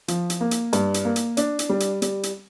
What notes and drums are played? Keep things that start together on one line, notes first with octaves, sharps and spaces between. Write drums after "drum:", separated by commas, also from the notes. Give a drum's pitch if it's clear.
F3, drum: hi-hat
drum: hi-hat
A#3
drum: hi-hat
G2, drum: hi-hat
drum: hi-hat
A#3
drum: hi-hat
D4, drum: hi-hat
drum: hi-hat
G3
drum: hi-hat
G3, drum: hi-hat
drum: hi-hat